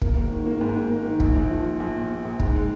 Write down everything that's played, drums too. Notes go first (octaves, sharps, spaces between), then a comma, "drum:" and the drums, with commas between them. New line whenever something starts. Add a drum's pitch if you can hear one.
A#3, drum: kick
G#1
D#3
A#3
G#2
G#2
A#3
D#3
A#1, drum: kick
A#1
F3
F3
A#1
A#2
A#2
A#1
G#2, drum: kick
G#3